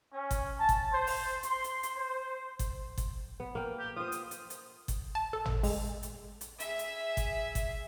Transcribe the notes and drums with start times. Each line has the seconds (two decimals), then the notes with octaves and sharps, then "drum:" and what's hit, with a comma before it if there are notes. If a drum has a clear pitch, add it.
0.13 C#4
0.31 drum: kick G1, hi-hat
0.59 A5
0.69 drum: kick G1, hi-hat
0.92 C5
1.07 drum: open hi-hat
1.43 C6, drum: hi-hat
1.64 drum: hi-hat
1.83 drum: hi-hat
1.97 C5
2.59 drum: kick G1, hi-hat
2.98 drum: kick G1, hi-hat
3.40 B3
3.55 A#3 G5
3.79 G4
3.96 F4 C5 D#6
4.12 drum: hi-hat
4.31 drum: hi-hat
4.50 drum: hi-hat
4.88 drum: kick G1, hi-hat
5.15 A5
5.33 A4
5.45 drum: tom G#1
5.63 G#3, drum: open hi-hat
6.03 drum: hi-hat
6.41 drum: hi-hat
6.60 G#4 E5, drum: hi-hat
6.79 drum: hi-hat
7.17 drum: kick G1, hi-hat
7.55 drum: kick G1, hi-hat